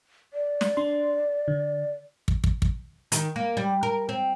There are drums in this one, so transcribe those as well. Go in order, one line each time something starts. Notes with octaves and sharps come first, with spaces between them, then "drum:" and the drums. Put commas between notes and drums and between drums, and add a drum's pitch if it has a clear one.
D5
drum: snare
D4 C6
D3
drum: kick
drum: kick
drum: kick
D#3, drum: hi-hat
A#3
G3
A#4
C4